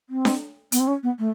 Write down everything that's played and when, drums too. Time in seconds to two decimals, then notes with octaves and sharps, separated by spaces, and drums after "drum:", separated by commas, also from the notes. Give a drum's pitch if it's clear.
0.10 C4
0.25 drum: snare D4
0.72 B3, drum: hi-hat
0.80 C4
0.87 C#4
1.03 B3
1.19 A3